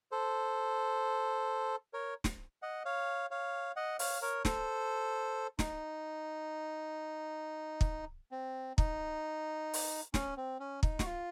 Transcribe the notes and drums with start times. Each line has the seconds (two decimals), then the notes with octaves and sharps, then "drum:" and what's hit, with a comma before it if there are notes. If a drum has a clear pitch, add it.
0.11 A4 C5
1.94 A#4 C#5
2.24 drum: snare
2.62 D#5 F#5
2.85 C#5 F5
3.31 C#5 F5
3.76 D#5 F#5
3.99 C#5 F5, drum: open hi-hat
4.22 A#4 C#5
4.45 A4 C5, drum: snare
5.59 D#4, drum: snare
7.81 drum: kick
8.32 C4
8.78 D#4, drum: kick
9.74 drum: open hi-hat
10.14 C#4, drum: snare
10.37 C4
10.60 C#4
10.83 D#4, drum: kick
10.99 F#4, drum: snare
11.05 F4